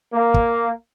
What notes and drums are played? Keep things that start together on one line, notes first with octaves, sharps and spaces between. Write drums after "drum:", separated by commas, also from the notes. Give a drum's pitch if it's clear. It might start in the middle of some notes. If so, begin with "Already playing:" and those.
A#3
drum: kick